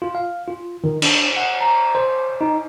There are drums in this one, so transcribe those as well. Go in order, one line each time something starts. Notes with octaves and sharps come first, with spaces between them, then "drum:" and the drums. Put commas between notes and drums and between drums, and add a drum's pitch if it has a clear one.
F4
F5
F4
D#3
D4, drum: cymbal
F#5
A#5
C5
D#4